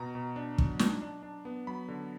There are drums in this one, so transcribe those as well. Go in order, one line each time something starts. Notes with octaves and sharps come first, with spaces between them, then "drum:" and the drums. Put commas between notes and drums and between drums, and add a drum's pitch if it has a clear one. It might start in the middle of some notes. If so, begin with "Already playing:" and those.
Already playing: B2 A#5
B2
D4
F#3, drum: kick
D4, drum: snare
D4
D4
B3
F#3 B5
D3